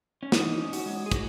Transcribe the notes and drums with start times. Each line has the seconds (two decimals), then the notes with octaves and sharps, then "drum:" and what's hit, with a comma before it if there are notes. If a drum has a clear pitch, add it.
0.23 C#4
0.32 E3 D#4, drum: snare
0.59 C#4
0.73 F#4, drum: open hi-hat
0.86 G#3
1.06 G#4
1.11 A2 F#4, drum: kick, hi-hat